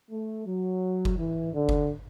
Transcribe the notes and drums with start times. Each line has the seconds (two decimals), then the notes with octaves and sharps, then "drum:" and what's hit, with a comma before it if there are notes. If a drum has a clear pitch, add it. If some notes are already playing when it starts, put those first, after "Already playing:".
0.10 A3
0.46 F#3
1.05 drum: kick F#1
1.17 E3
1.54 D3
1.69 drum: kick F#1